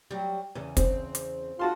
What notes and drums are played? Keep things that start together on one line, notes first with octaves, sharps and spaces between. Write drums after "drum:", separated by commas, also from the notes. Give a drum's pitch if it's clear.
F#3 G3
E2 C#3
C4, drum: kick, hi-hat
drum: hi-hat
F4 F#4 A5 C6